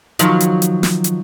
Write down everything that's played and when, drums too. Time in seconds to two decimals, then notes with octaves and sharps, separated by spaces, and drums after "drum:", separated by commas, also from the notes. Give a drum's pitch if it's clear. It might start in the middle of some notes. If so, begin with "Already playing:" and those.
0.19 D#3 F3 F#3, drum: hi-hat
0.40 drum: hi-hat
0.62 drum: hi-hat
0.83 drum: snare
1.04 drum: hi-hat